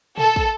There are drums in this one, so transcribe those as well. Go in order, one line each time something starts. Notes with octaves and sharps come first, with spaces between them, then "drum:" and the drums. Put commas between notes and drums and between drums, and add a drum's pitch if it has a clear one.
A4, drum: tom A#2
drum: kick